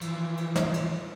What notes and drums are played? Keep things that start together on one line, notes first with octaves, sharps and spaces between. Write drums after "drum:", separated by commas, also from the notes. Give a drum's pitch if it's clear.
E3 F3, drum: cymbal
drum: cymbal
drum: snare
drum: cymbal